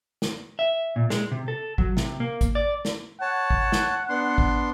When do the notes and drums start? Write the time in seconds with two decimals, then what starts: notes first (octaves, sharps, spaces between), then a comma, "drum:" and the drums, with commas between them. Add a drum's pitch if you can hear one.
0.22 drum: snare
0.59 E5
0.96 A#2
1.10 G#3, drum: snare
1.31 C3
1.48 A4
1.78 F#3, drum: kick G#1
1.97 C3, drum: snare
2.20 A#3
2.41 drum: kick G#1, hi-hat
2.55 D5
2.85 drum: snare
3.21 C#5 F#5 A5
3.50 drum: kick G#1
3.72 drum: snare
4.09 B3 D4 C6
4.38 drum: kick G#1